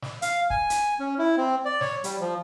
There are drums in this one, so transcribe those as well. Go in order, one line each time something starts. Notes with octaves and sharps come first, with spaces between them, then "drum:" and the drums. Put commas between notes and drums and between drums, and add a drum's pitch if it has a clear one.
drum: snare
F5, drum: hi-hat
G#5, drum: kick
drum: hi-hat
C#4
E4
C4
D5
C#5, drum: snare
G3, drum: hi-hat
F3